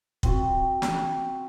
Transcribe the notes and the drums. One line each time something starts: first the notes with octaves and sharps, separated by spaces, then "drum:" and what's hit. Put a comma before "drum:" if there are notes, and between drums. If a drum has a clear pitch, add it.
C4 F#4, drum: kick
drum: snare